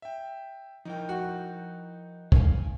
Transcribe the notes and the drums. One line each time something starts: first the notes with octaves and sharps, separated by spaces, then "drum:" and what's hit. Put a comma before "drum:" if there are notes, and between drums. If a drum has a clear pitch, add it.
E5 G5
F3 D#4 E4 A#4 G5
F#4
F5 G#5, drum: kick